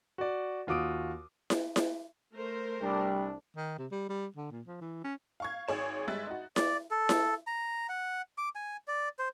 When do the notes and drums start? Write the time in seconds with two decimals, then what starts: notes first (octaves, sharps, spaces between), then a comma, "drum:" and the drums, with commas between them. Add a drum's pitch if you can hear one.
0.18 F#4 D5
0.67 D#2 F4 F#4 D6 D#6 D7
1.50 drum: snare E4
1.76 drum: snare E4
2.33 A3 A#4 C5
2.81 C2 G3 D4
3.56 D#3
3.79 C3
3.92 G3
4.10 G3
4.36 D3
4.51 A#2
4.67 F3
4.81 E3
5.04 C#4
5.40 F5 C#6 G#6
5.68 G#1 G#4 C#5 E7
6.07 G1 G3 G#3 E5 F#6 A6
6.27 D#4 F#4
6.56 D5, drum: snare E4
6.91 A4
7.09 drum: snare E4
7.47 A#5
7.89 F#5
8.38 D6
8.55 G#5
8.88 D5
9.19 C5